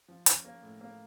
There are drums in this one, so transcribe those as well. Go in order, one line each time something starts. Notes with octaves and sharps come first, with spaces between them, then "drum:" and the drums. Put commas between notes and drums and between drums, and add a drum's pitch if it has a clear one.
F3
C#4, drum: hi-hat
A#3
A2
A#3